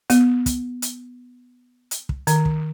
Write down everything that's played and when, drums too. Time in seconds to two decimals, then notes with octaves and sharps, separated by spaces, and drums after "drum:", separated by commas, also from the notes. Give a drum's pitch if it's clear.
0.10 B3, drum: hi-hat
0.46 drum: kick, hi-hat
0.82 drum: hi-hat
1.91 drum: hi-hat
2.09 drum: kick
2.27 D#3, drum: hi-hat
2.45 drum: kick